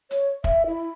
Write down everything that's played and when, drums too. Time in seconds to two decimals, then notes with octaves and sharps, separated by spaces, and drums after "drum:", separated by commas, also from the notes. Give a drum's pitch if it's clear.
0.11 C#5, drum: hi-hat
0.44 E5, drum: kick
0.66 E4